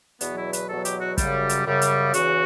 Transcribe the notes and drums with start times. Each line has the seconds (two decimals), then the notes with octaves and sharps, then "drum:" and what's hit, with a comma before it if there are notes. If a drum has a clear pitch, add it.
0.21 E2 B2 F#3 B3, drum: hi-hat
0.37 E4
0.53 B4, drum: hi-hat
0.69 E2 B2 F#3 A4
0.85 G4, drum: hi-hat
1.01 F#4
1.18 F#2 C#3 G3, drum: kick, hi-hat
1.49 drum: hi-hat
1.66 F#2 C#3 G3
1.82 drum: hi-hat
2.14 E2 C#3 E3 F#4, drum: hi-hat